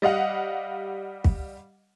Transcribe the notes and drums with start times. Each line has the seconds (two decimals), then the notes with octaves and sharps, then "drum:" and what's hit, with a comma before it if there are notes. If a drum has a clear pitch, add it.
0.02 G3 D#5 F5 F#5
1.24 drum: kick